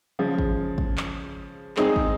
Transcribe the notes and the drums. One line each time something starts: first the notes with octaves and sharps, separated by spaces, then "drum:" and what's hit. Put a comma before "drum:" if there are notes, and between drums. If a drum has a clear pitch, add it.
C#3 F3 G#3
drum: kick
drum: kick
drum: clap
G#3 C4 D#4 G#4, drum: clap
drum: kick